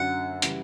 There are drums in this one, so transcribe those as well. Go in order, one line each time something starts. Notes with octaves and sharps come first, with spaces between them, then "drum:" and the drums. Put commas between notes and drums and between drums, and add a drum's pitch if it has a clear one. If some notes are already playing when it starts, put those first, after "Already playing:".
Already playing: F#2 D3 F#3 F#5
C#3 E3 G3, drum: hi-hat